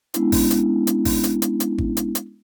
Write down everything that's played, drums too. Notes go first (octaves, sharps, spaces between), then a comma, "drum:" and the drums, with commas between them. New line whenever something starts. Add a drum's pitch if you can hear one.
G#3 B3 C#4 D4 E4, drum: hi-hat
drum: kick G#1, open hi-hat
drum: hi-hat
drum: hi-hat
drum: kick G#1, open hi-hat
drum: hi-hat
drum: hi-hat
drum: hi-hat
drum: kick G#1
drum: hi-hat
drum: hi-hat